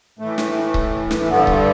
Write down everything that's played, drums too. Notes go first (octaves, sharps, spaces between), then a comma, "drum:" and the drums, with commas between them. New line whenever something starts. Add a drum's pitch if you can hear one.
A2 E3 A3
drum: snare
drum: kick C#1
drum: snare
G2 D3 B3
drum: kick C#1